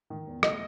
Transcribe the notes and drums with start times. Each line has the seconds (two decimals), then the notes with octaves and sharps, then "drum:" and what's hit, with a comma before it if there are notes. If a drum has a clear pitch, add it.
0.10 D#3
0.27 E2
0.43 A3 D#5, drum: rim click